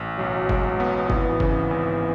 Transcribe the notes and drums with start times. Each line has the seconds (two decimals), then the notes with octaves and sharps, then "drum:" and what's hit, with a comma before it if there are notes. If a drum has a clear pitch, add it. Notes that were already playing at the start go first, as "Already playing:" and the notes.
Already playing: A1
0.19 B1 F#3
0.49 G#3, drum: kick
0.80 B3
1.10 G#1 E3, drum: kick
1.40 C#3, drum: kick
1.71 G#1